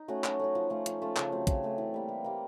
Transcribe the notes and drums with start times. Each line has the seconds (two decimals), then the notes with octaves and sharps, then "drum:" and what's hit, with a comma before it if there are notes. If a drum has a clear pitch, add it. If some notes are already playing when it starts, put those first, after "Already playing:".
Already playing: D#4
0.08 A3 C#4 F#4
0.24 F#3, drum: clap
0.39 A3 C#4 F#4
0.55 F3
0.70 A3 C#4 F4
0.86 F3, drum: hi-hat
1.02 A3 C#4 F4
1.16 C#3, drum: clap
1.32 F#3 A3 C4
1.47 C#3, drum: kick, hi-hat
1.63 F#3 A3 C4
1.78 E3
1.94 G3 A#3
2.09 E3
2.24 G3 A#3